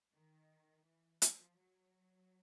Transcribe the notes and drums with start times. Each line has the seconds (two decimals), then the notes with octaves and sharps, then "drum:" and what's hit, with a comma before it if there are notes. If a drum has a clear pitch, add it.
0.13 D#3
0.86 E3
1.22 F3, drum: hi-hat
1.58 F#3